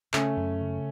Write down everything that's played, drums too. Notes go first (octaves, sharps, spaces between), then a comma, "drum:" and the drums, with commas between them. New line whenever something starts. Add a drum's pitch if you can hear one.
C#3 A3 C#4, drum: clap
F#2
C#3